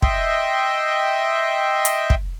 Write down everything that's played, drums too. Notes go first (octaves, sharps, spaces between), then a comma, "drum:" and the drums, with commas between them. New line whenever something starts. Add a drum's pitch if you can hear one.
D#5 E5 G5 C6, drum: kick
drum: hi-hat
drum: kick